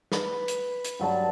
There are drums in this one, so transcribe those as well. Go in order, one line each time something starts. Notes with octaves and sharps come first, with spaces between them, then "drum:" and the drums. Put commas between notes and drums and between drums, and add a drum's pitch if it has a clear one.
B4, drum: snare
drum: hi-hat
drum: hi-hat
G2 F#3 D5 A5